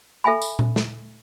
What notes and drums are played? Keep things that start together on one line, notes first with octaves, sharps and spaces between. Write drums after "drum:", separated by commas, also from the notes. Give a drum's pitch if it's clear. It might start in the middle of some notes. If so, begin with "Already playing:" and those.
A4 E5 G5 G#5 B5
drum: tambourine
drum: tom A#2
drum: snare